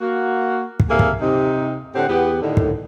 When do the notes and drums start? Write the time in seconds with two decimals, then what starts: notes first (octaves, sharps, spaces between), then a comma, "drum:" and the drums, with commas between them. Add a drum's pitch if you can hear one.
0.01 A#3 F#4
0.80 drum: kick
0.90 D#2 C3 A#3 G#4 A4 E5
0.99 drum: kick
1.21 C3 D#4
1.95 A2 D3 C4 G4 F#5
2.09 E2 B3 G4
2.42 A2 D3 D#3
2.57 drum: kick